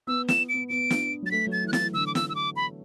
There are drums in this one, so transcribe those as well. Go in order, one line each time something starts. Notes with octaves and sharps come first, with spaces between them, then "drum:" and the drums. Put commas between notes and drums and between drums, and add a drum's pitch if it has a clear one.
B3 E6
E7, drum: snare
B3 D7
B3 D7
D4, drum: snare
F#3 A6
A3 B6
F#3
A6
E3 F#6
A6, drum: snare
D3 E6
D6
E6, drum: snare
E6
D6
B5